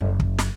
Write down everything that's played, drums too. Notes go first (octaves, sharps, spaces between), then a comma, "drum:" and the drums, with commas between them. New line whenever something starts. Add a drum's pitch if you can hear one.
F#1
drum: kick
drum: snare